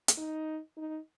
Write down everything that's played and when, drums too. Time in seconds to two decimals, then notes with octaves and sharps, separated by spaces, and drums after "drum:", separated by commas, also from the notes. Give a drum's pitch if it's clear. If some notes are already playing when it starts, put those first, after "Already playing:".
0.08 drum: hi-hat
0.18 D#4
0.77 D#4